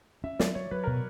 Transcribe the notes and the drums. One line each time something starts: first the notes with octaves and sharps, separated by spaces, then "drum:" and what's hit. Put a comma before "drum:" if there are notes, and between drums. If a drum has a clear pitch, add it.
C#4 E5
F#3 D5, drum: snare
F#3 C#5
F#3 B4
B2 A#4